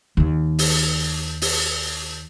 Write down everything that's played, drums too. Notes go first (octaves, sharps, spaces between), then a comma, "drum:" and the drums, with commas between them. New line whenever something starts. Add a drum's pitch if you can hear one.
D#2 D#3
drum: open hi-hat
drum: open hi-hat